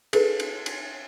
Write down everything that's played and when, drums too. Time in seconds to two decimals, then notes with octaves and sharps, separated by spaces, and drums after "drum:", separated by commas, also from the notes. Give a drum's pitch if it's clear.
0.13 G#4 A4 B4, drum: cymbal
0.40 drum: cymbal
0.66 drum: cymbal